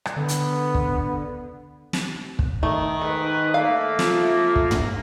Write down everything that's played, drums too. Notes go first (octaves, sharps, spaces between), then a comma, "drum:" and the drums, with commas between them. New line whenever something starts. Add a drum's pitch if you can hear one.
drum: rim click
D3 B3
drum: hi-hat
drum: kick
drum: snare
drum: kick
D#3 A3
G#2 A4 B4
A3 A#3 F5
F3, drum: snare
drum: kick
drum: tom